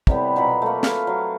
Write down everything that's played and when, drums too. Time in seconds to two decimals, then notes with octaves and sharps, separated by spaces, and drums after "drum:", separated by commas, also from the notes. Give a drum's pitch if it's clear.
0.07 A2 C3 G3 B3, drum: kick
0.36 B2 F#3 F4 B5
0.62 A3 A#3
0.83 B4 F5, drum: snare
1.07 F#3